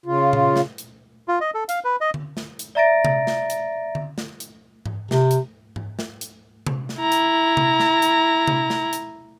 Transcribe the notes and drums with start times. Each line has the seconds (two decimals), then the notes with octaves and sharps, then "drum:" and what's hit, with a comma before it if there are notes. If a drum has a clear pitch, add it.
0.06 C#3 F4
0.33 drum: tom A#2
0.56 drum: snare
0.78 drum: hi-hat
1.28 F4
1.41 D#5
1.54 A4
1.69 F5, drum: hi-hat
1.84 B4
2.01 D#5
2.14 drum: tom D3
2.37 drum: snare
2.59 drum: hi-hat
2.75 D5 E5 A#5 A6 A#6 D7
3.05 drum: tom C3
3.27 drum: snare
3.50 drum: hi-hat
3.95 drum: tom D3
4.18 drum: snare
4.40 drum: hi-hat
4.86 drum: tom G#2
5.11 C3, drum: snare
5.31 drum: hi-hat
5.76 drum: tom G#2
5.99 drum: snare
6.21 drum: hi-hat
6.67 drum: tom C3
6.89 drum: snare
7.00 E4 A#5
7.12 drum: hi-hat
7.57 drum: tom C3
7.80 drum: snare
8.02 drum: hi-hat
8.48 drum: tom C3
8.70 drum: snare
8.93 drum: hi-hat